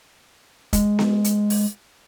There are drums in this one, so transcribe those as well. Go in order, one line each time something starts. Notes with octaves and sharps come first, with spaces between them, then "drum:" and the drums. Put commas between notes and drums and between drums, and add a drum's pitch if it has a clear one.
G#3, drum: kick, hi-hat
drum: snare B3
drum: hi-hat
drum: open hi-hat